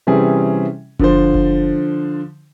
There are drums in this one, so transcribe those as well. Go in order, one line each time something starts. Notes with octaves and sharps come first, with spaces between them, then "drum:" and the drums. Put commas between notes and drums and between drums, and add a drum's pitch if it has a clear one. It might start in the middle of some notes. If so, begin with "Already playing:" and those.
C3 E3 G3 C#4 G#4
D3 F3 C5, drum: kick F#1
drum: kick F#1